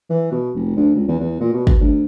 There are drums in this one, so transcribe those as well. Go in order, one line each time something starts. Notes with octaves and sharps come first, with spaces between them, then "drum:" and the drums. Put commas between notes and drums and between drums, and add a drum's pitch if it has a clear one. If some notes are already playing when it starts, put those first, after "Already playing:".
E3
B2
F1
D2
C#2
E2
E2
A#2
B2
drum: kick
D2